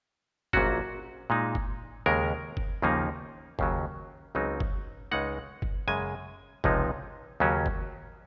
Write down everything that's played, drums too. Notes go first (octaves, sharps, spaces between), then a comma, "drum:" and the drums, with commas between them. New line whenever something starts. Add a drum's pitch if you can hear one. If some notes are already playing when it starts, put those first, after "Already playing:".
A#1 A#2 F#3 C#4 F#4, drum: kick F#1
A#2 G#3 D#4
drum: kick F#1
D#2 C#3 G#3 A#4
drum: kick F#1
D#2 C#3 F3 A#3 D#4
D#2 C#3 F#3, drum: kick F#1
C#2 C#3 F#3 C4 D#4
drum: kick F#1
C#2 C#3 G#3 D#4 F#5
drum: kick F#1
F#2 C#3 G#3 G#5
C#2 C3 F3 G#3 D#4, drum: kick F#1
D#2 C#3 F#3 C#4
drum: kick F#1